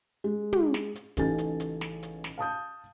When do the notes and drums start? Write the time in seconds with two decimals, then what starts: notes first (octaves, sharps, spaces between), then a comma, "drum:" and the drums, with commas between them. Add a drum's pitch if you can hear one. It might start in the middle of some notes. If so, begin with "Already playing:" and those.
0.24 G#3
0.53 drum: tom
0.74 drum: snare
0.95 drum: hi-hat
1.17 A1 C#3 D#4 A4 G#5 A6, drum: kick, hi-hat
1.38 drum: hi-hat
1.60 drum: hi-hat
1.81 drum: snare
2.03 drum: hi-hat
2.24 drum: snare
2.38 F5 A5 D#6 G6